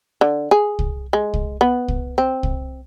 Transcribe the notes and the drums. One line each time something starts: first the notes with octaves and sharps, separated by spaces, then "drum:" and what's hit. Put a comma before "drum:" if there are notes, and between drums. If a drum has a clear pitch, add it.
D3
G#4
drum: kick C2
G#3
drum: kick C2
B3
drum: kick C2
C4
drum: kick C2